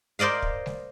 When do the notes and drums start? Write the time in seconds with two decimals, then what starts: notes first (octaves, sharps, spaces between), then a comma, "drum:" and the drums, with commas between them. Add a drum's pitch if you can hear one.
0.19 A#4 C5 D5 D#5 F5
0.42 drum: kick
0.66 drum: snare G3